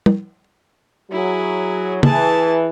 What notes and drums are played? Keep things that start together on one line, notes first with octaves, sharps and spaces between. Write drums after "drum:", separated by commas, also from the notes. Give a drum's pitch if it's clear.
drum: tom G3
F#3 E4 G#4
E3 G#4 A5, drum: tom